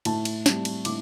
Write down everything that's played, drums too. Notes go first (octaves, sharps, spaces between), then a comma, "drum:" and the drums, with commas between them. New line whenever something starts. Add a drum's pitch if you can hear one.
A2 A5, drum: cymbal
drum: cymbal
G3 C4, drum: snare
drum: cymbal
A2 D6, drum: cymbal